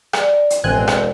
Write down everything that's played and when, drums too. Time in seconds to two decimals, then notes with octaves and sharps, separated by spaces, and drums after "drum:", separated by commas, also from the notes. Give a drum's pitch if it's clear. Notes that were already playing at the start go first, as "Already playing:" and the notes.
0.13 A#4 D5, drum: rim click
0.50 drum: hi-hat
0.64 E1 A1 E2 D3 C4 A#4 G#5 F#6
0.88 drum: rim click